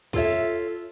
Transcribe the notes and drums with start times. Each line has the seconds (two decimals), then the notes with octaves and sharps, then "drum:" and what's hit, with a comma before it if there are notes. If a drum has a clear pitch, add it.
0.13 F4 A4 C#5 E5, drum: kick